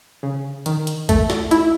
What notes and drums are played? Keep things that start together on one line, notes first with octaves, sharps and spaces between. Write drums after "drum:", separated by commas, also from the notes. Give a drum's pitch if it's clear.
C#3
D#3, drum: hi-hat
drum: hi-hat
A3, drum: kick A#1, hi-hat
drum: snare
E4, drum: hi-hat